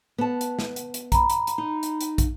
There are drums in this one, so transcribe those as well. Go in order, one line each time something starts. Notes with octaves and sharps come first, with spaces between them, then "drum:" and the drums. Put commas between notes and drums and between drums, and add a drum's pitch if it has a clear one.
B3 A5
drum: hi-hat
drum: snare
drum: hi-hat
drum: hi-hat
A#5 B5, drum: kick, hi-hat
drum: hi-hat
drum: hi-hat
D#4
drum: hi-hat
drum: hi-hat
drum: kick, hi-hat